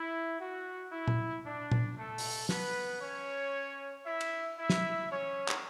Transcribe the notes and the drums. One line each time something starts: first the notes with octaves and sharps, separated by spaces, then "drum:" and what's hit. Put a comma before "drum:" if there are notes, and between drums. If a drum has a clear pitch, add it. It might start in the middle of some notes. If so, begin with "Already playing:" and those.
Already playing: E4
F#4
E4
drum: tom A#2
D4
drum: tom A#2
A3 A4
drum: open hi-hat
B3 B4, drum: snare
C#4 C#5
E4 E5
drum: cymbal
E4 E5
drum: snare
C#4 C#5
drum: clap